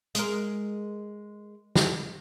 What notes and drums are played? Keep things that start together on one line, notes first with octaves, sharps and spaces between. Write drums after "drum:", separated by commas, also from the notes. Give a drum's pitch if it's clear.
G#3 A#4, drum: hi-hat
drum: snare